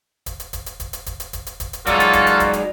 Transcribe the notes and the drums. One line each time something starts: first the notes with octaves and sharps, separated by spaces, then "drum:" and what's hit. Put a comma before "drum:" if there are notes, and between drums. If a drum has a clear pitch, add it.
drum: kick D1, hi-hat
drum: hi-hat
drum: kick D1, hi-hat
drum: hi-hat
drum: kick D1, hi-hat
drum: hi-hat
drum: kick D1, hi-hat
drum: hi-hat
drum: kick D1, hi-hat
drum: hi-hat
drum: kick D1, hi-hat
drum: hi-hat
F#3 G#3 A#3 D#4 F4 F#4 A4 D5, drum: kick D1, hi-hat
drum: hi-hat
drum: kick D1, hi-hat
drum: hi-hat
drum: kick D1, hi-hat
drum: hi-hat